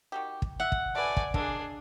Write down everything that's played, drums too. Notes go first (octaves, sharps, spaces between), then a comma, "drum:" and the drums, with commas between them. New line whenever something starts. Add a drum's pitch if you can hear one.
D#3 F#4 G4
drum: kick
E5 F#5
drum: kick
A3 F#4 B4 D5 G#5
drum: kick
G#3 A#3 D4 G#4 A4, drum: kick